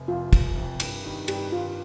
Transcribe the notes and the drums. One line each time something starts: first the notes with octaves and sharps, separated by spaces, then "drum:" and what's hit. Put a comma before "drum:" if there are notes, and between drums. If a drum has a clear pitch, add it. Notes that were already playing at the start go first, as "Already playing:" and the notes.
Already playing: F1
F2 C3 F4
F1, drum: kick, cymbal
F2 C3
G2, drum: cymbal
D#3 G3
G2 G4, drum: cymbal
D#3 G3 F4